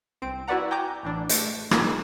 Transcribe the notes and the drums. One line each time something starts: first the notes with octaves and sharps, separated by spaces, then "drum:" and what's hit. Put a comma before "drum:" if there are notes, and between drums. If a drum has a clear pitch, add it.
C2 C4 D7
E4 F#4 B4 D5 F#5 A#5
G5 G#5 A#5 D6 G6
A1 E3 D4
A3, drum: hi-hat
A#3 B3 D#4 F4 G#4 A#4, drum: rim click